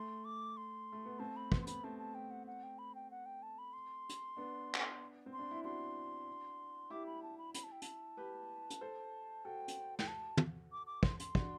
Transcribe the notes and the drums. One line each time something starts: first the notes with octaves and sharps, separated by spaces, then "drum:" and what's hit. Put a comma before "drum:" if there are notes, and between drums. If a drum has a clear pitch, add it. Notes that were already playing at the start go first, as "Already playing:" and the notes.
Already playing: A3 C6
D6
C6
A3
B3
A3 C4 A5
B5
B3 C6, drum: kick
C6
B5, drum: hi-hat
A3 C4 A5
A5
G5
F#5
F#5
G5
B5
G5
F#5
G5
A5
B5
C6
drum: hi-hat
B3 D4
drum: clap
C4
C6
D4
E4
D4 F#4 C6
E4 G4 D6
B5
A5
B5
B5, drum: hi-hat
A5
G5
A5, drum: hi-hat
G4 B4
drum: hi-hat
A4 C5
F#4 A4 G5
drum: hi-hat
G5, drum: snare
A5
drum: tom
D6
D6
C6, drum: kick
C6, drum: hi-hat
D4 F#4, drum: kick